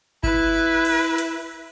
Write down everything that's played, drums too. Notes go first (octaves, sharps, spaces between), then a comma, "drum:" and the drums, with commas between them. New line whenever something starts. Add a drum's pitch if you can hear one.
E4 B4, drum: kick G1
drum: cymbal
drum: hi-hat